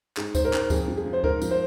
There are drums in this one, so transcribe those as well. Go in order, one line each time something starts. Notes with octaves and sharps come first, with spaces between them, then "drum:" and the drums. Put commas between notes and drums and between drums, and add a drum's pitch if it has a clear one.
G#2 G#4, drum: clap
G#2 C5, drum: kick D2, tambourine
A#4
G#2, drum: clap
F2 G#4, drum: kick D2, tambourine
F3
G#4
F3
C5
G#2 A#4, drum: kick D2
F3, drum: tambourine
C5